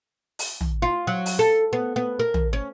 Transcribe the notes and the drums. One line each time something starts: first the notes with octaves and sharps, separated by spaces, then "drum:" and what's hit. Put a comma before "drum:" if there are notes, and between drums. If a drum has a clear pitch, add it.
drum: open hi-hat
drum: tom
F4
F#3
drum: open hi-hat
A4
B3
B3
A#4
drum: tom
C#4